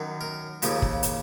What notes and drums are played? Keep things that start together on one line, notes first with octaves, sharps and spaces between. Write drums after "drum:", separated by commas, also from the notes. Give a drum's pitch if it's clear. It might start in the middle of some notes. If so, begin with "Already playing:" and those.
Already playing: F#2 D#3 F#3
A#4
D#2 C#3 F3, drum: hi-hat
drum: kick
drum: hi-hat